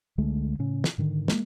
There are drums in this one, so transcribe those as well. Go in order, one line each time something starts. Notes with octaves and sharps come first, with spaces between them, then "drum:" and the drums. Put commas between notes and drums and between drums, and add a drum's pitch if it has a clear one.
C#2 D3 G#3 A3
A2 C#3 C#4
drum: snare
G#2 D3 D#3
G#3 A#3, drum: snare